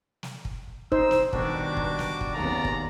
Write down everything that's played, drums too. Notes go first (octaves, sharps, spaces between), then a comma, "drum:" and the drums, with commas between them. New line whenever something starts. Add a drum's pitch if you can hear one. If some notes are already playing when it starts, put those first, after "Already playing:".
drum: snare
drum: kick
D#4 C5 E6, drum: kick
drum: snare
B2 D#3 G3 D4 F#4 D6, drum: kick
drum: kick
drum: snare
drum: kick
D#2 C#3 B3 D5 A#5
drum: kick